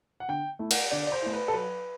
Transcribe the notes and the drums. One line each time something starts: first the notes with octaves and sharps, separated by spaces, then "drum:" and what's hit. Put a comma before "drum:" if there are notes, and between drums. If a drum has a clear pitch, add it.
F#5
D3 G5
A3 E4
F#5, drum: cymbal
D3 D5
D5
C5
A3 E4
B4
A4
F#3 B4